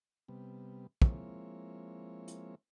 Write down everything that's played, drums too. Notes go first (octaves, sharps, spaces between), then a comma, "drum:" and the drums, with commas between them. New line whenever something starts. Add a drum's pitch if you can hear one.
C3 G3 B3
F3 G#3 A#3 C4 E4 C#5, drum: kick
drum: hi-hat